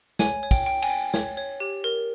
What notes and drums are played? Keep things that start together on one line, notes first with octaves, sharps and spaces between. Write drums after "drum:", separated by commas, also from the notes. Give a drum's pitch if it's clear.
C#5 G#5, drum: snare
C#5
G5, drum: kick, cymbal
G5
G#5, drum: cymbal
G5
C#5, drum: snare
C#5
G4
A#4